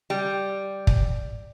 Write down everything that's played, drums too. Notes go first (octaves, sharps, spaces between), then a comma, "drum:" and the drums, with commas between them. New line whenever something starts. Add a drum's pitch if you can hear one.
G3
drum: kick